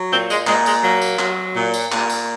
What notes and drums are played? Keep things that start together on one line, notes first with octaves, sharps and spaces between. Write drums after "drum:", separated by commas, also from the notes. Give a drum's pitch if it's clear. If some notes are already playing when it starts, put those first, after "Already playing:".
Already playing: F#3
A#2 C4
G#3, drum: tambourine
A#2 G#3, drum: clap
G#3, drum: tambourine
F#3 A#3
drum: tambourine
F#3, drum: clap
A#2
drum: tambourine
A#2, drum: clap
drum: tambourine